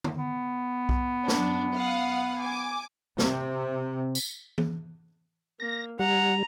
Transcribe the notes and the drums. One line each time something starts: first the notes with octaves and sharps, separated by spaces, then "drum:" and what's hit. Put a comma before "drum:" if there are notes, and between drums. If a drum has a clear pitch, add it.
drum: tom
B3
drum: kick B1
F#2 D4, drum: snare
F5 F#5 D#6
G#5 D6
C3, drum: snare
drum: tambourine
drum: tom E3
A#3 A#6
G3 F#5 A#5